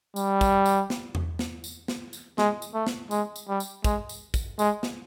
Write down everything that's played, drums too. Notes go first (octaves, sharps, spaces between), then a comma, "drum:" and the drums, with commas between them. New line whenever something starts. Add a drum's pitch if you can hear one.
G3, drum: tambourine
drum: kick, tambourine
drum: tambourine
drum: snare
drum: tom E2
drum: snare
drum: tambourine
drum: snare
drum: tambourine
G#3, drum: snare
drum: tambourine
A3
drum: snare
G#3, drum: tambourine
drum: tambourine
G3
drum: tambourine
G#3, drum: kick, tambourine
drum: tambourine
drum: kick, tambourine
G#3, drum: tambourine
drum: snare